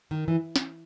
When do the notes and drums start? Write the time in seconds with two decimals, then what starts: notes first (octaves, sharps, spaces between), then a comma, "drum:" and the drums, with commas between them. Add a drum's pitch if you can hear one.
0.11 D#3
0.28 E3
0.56 drum: snare